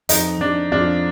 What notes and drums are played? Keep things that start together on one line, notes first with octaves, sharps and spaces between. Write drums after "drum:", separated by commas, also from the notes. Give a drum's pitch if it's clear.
F2 D#4, drum: hi-hat
F2 D4
F2 D4 F4